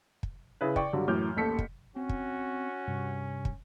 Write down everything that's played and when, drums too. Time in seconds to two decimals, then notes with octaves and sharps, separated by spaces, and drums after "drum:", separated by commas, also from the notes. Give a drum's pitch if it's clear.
0.23 drum: kick
0.61 C#3 E4 B4
0.76 D5 G5 C#6, drum: kick
0.93 G2 D3 F#3 G3
1.08 F#2 A2 E3 D6 F6 G6
1.36 A1 D#2 A4 B6 C#7
1.59 drum: kick
1.96 C4 C#4 F#4
2.09 drum: kick
2.88 G2 C3
3.45 drum: kick